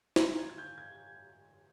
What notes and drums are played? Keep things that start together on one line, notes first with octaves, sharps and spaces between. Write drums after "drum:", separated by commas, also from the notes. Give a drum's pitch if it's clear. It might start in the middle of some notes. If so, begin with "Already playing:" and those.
A#5, drum: snare
C6
G#6
G#6
G6
G#6